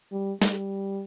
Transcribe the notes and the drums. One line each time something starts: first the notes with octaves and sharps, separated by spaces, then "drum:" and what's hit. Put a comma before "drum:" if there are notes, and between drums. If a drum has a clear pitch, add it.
G3
G3, drum: snare